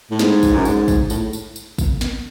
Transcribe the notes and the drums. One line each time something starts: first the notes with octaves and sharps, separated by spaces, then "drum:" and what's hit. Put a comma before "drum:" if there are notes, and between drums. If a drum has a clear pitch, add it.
A2
G#2, drum: snare
drum: kick, tambourine
F#2
G#2, drum: tambourine
drum: kick, tambourine
A2, drum: tambourine
drum: tambourine
drum: tambourine
drum: kick, tambourine
drum: snare